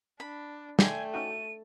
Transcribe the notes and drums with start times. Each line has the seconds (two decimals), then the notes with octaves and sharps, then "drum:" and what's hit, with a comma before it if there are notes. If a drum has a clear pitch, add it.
0.20 D4 B5
0.79 A3 D4 D#4 D5 G5 G#5 C6, drum: snare
1.13 C#4 D#4 F#4 D#7